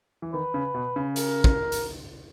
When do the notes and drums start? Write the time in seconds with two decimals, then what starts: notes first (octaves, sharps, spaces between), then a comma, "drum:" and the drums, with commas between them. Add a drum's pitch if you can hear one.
0.22 E3
0.33 D#3 B4
0.54 C#3
0.74 B2
0.96 C#3
1.16 A#4, drum: hi-hat
1.44 drum: kick
1.72 drum: hi-hat